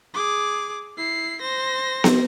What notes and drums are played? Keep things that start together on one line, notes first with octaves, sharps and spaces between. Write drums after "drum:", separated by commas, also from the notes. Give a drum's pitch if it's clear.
G#4 D6
E4 C7
C5 A#6
drum: snare B3